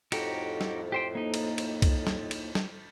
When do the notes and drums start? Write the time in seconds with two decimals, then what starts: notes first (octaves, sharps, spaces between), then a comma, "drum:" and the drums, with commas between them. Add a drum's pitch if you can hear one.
0.12 F2 A2 D#4 F#4 G4, drum: cymbal
0.61 drum: snare
0.92 G4 C5 G5
1.15 A#3 D#4
1.34 drum: cymbal
1.58 drum: cymbal
1.82 drum: kick, cymbal
2.07 drum: snare
2.31 drum: cymbal
2.55 drum: snare